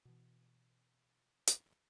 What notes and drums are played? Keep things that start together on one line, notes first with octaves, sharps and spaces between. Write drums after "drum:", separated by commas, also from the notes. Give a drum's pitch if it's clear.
B2 E3
drum: hi-hat